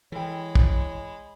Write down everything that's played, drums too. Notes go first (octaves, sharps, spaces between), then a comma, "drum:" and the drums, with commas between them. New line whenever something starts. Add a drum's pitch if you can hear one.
E3 G#3 A4 C#5 G5 B5
drum: kick